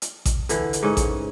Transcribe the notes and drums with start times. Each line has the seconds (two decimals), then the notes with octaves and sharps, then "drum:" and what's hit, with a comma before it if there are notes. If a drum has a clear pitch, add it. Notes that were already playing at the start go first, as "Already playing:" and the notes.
0.02 drum: hi-hat
0.25 drum: kick A1, hi-hat
0.49 D3 E3, drum: hi-hat
0.73 drum: hi-hat
0.83 G#2 C#4
0.97 drum: kick A1, hi-hat